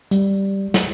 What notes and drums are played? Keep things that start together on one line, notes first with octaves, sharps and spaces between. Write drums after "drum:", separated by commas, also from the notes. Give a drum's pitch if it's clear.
G3, drum: hi-hat
drum: snare